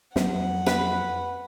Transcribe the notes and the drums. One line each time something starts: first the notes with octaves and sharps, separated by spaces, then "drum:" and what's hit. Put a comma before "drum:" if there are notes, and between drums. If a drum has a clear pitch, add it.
F2 F#3 C4 F#5, drum: snare
B4, drum: snare